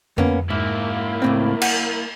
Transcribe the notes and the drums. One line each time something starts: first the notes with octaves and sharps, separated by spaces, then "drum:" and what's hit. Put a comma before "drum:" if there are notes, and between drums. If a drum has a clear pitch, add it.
A#3 B3 C#4, drum: tom F2
G#2 A#3 E4
C#2 A2 C4
F#5, drum: cymbal